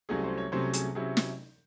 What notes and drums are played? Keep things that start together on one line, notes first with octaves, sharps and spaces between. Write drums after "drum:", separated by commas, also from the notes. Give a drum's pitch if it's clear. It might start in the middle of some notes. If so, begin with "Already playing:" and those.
C2 C3 F#3 A3 C#4 G#4
C5
C#5
C2 C3 F#3 A3 C#4 C5
G#4, drum: hi-hat
C3 F#3 C#4 E4 G#4
drum: snare